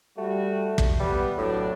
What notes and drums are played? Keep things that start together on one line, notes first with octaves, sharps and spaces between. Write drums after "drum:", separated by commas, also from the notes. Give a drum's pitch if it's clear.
G3 A3 F#4
drum: kick
G3 B3
A2 F#3 D4